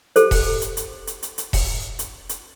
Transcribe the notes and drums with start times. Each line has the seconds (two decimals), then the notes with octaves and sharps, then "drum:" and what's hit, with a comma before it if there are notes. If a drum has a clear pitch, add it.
0.16 G4 A4 C5, drum: hi-hat
0.31 drum: kick E1, open hi-hat
0.62 drum: hi-hat
0.77 drum: hi-hat
1.07 drum: hi-hat
1.23 drum: hi-hat
1.38 drum: hi-hat
1.53 drum: kick E1, open hi-hat
1.99 drum: hi-hat
2.29 drum: hi-hat